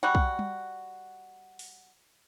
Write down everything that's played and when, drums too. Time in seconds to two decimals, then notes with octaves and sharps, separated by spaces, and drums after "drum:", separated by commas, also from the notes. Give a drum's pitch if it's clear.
0.03 G3 F#4
0.15 drum: kick
0.39 drum: tom G3
1.59 drum: open hi-hat